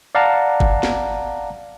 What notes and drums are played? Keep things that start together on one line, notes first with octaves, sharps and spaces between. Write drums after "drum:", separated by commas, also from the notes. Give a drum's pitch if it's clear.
D5 F5 F#5 A5 A#5
drum: kick
drum: snare